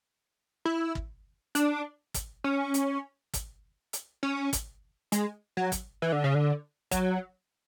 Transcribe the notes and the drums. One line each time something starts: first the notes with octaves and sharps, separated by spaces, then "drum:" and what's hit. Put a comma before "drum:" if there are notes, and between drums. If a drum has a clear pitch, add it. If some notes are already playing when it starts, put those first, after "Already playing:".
E4
drum: kick
D4, drum: hi-hat
drum: kick, hi-hat
C#4
drum: hi-hat
drum: kick, hi-hat
drum: hi-hat
C#4
drum: kick, hi-hat
G#3, drum: hi-hat
F#3
drum: kick, hi-hat
E3
D3
C#3
D3
F#3, drum: kick, hi-hat